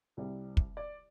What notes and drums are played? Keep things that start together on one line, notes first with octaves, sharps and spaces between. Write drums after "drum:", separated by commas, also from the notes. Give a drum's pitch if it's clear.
C2 C3 G3
drum: kick
D5